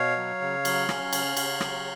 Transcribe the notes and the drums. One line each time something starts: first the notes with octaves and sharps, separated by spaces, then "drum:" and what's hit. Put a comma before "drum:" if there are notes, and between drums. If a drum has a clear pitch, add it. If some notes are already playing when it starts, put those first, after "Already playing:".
Already playing: B2 C#5 F5
F#3
C#3
F#3, drum: cymbal
C#4, drum: rim click
C#3, drum: cymbal
C#3, drum: cymbal
F#3, drum: rim click